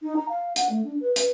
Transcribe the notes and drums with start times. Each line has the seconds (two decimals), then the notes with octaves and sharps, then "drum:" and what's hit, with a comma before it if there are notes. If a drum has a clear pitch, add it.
0.02 D#4
0.16 A#5
0.29 F5
0.56 F#5, drum: hi-hat
0.70 A3
0.84 D4
1.01 B4
1.16 B4, drum: hi-hat